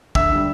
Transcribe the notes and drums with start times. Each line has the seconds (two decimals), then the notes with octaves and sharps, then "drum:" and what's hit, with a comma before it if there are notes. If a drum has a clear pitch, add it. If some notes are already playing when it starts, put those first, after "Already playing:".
0.15 D2 E5 E6, drum: kick
0.32 D3 G3